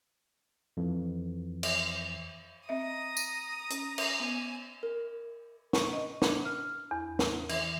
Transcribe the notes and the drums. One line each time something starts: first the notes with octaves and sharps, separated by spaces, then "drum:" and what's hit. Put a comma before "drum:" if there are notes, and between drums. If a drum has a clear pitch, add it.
F2 E3
drum: cymbal
C4 D#5 E5 A#5 D#6
drum: tambourine
C#4, drum: hi-hat
drum: cymbal
B3 G#5
A#4
C#6, drum: snare
D#5
D4, drum: snare
F6
E2
drum: snare
E3, drum: cymbal